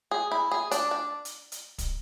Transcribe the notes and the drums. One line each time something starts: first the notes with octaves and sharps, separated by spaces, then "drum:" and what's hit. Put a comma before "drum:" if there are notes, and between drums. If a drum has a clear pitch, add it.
G#4
E4
G#4
D4, drum: hi-hat
D4
drum: hi-hat
drum: hi-hat
drum: kick, hi-hat